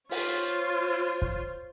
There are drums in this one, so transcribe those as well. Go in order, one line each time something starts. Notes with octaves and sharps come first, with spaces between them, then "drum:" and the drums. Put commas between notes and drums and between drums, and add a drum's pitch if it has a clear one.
F4 C5 C#5, drum: open hi-hat
drum: kick